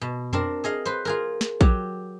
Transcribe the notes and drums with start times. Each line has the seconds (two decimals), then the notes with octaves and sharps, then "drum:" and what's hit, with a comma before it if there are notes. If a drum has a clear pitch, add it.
0.02 B2
0.33 C4 D4 A#4, drum: tom F2
0.64 G#4 D#5 F5
0.85 B4 C5
1.05 F4 G#4 A#4
1.41 drum: snare
1.61 F#3 G4, drum: kick A#1